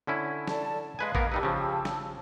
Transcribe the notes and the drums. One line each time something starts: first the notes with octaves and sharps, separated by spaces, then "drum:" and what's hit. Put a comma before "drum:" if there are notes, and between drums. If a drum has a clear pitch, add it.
D3 C#4 E4
A4 D5 A5, drum: snare
G#3 B4 F5 G#5 D#6
A#3 B3 A#4, drum: kick G#1
G3 D#4 G4 B4 A5 E6
C#3 F3
drum: snare